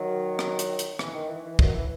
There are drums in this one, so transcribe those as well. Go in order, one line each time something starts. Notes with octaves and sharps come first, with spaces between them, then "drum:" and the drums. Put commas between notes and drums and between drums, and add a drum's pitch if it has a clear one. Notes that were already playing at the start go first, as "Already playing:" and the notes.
Already playing: D#3 F#3
drum: rim click
drum: hi-hat
drum: hi-hat
E3, drum: rim click
D#3
E3
E3
D#3 F#3, drum: kick
E3